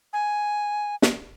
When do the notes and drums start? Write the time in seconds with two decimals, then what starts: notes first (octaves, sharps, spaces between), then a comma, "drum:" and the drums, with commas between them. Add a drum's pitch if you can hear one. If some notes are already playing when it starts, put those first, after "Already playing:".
0.13 G#5
1.02 drum: snare